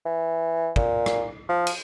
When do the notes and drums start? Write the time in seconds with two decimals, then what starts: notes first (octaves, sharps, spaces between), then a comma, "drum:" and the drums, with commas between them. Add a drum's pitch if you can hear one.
0.05 E3
0.76 A#2, drum: kick
1.06 drum: rim click
1.49 F3
1.67 drum: cymbal